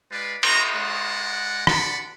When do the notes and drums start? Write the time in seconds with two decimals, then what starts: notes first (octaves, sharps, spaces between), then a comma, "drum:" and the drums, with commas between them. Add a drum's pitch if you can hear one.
0.12 G#3 F4 B4 D5
0.43 A#5, drum: cymbal
0.75 G#3 D5 F#5
1.67 D5 F#5 A5 B5, drum: rim click